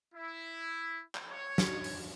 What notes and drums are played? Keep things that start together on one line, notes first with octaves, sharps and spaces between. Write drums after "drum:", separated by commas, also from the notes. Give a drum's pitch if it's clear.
E4
drum: clap
C#5
drum: snare
drum: open hi-hat